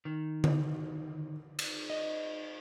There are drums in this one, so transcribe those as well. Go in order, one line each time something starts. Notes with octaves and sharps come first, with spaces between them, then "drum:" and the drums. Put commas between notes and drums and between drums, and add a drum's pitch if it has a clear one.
D#3
drum: tom D3
drum: cymbal
D#5